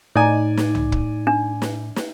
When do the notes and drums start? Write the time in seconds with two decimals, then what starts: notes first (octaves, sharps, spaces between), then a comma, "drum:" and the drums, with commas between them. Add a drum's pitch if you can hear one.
0.16 A2 D#4 D5 G#5
0.57 drum: snare
0.75 drum: tom C2
0.92 drum: kick
1.27 D4
1.62 drum: snare
1.96 drum: snare